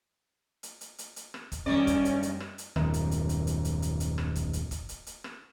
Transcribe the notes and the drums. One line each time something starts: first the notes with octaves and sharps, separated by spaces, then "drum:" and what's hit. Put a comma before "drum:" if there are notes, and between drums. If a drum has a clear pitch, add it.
drum: hi-hat
drum: hi-hat
drum: hi-hat
drum: hi-hat
drum: rim click
drum: kick, hi-hat
F#2 D#3 G3 C#4 D5
drum: kick, hi-hat
drum: hi-hat
drum: hi-hat
drum: rim click
drum: hi-hat
D#1 F#2 D#3, drum: rim click
drum: hi-hat
drum: hi-hat
drum: hi-hat
drum: hi-hat
drum: hi-hat
drum: hi-hat
drum: hi-hat
drum: rim click
drum: kick, hi-hat
drum: hi-hat
drum: kick, hi-hat
drum: hi-hat
drum: hi-hat
drum: rim click